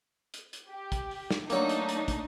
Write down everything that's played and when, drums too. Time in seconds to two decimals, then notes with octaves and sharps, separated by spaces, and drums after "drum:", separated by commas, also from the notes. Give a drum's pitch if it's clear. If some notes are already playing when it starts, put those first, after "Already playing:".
0.34 drum: hi-hat
0.53 drum: hi-hat
0.69 G4
0.92 drum: kick, hi-hat
1.11 drum: open hi-hat
1.31 drum: snare
1.50 F#3 A3 A#3 D4 D#4, drum: hi-hat
1.69 drum: hi-hat
1.89 drum: hi-hat
2.08 drum: kick, hi-hat